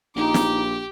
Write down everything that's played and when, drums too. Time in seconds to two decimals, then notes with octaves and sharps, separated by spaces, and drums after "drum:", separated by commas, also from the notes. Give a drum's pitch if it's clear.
0.16 A#1 D#4 G4 D6
0.34 drum: snare